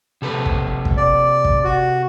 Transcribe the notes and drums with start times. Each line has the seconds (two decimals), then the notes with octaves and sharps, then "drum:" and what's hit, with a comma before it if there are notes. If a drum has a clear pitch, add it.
0.22 C3 A4 B4
0.46 drum: kick
0.85 drum: kick
0.97 D5
1.45 drum: kick
1.64 F#4